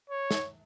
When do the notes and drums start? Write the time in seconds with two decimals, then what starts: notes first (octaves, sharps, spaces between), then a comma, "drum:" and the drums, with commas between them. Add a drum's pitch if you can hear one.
0.10 C#5
0.31 drum: snare